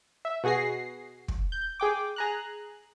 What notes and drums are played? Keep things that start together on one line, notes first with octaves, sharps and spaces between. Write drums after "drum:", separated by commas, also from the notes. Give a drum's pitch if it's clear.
E5
B2 F#4 G#4 A#6 C7
drum: kick
G6
G#4 G5 D6
G#4 A#5 F#6